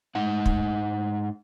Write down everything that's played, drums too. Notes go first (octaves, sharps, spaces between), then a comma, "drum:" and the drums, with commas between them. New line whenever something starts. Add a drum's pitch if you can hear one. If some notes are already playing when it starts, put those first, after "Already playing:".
G#2 G#3 D#4 F#5
drum: kick